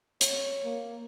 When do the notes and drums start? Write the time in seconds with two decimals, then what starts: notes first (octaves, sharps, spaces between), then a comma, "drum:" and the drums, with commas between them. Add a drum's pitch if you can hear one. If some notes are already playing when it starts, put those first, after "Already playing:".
0.21 C#5, drum: hi-hat
0.65 A#3